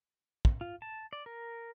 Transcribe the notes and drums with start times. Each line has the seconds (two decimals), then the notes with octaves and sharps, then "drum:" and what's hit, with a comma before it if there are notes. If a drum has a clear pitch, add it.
0.45 drum: kick
0.61 F4
0.82 A5
1.13 D5
1.26 A#4